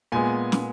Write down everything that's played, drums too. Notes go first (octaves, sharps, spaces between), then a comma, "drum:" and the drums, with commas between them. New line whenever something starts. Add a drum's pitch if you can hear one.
A#2 G#3 B3 G#5
drum: snare